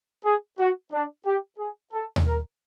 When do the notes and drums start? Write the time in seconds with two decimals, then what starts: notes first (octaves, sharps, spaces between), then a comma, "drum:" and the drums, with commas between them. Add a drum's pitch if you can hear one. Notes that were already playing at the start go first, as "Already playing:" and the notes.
0.25 G#4
0.59 F#4
0.92 D4
1.26 G4
1.59 G#4
1.93 A4
2.16 drum: tom D#2
2.26 A#4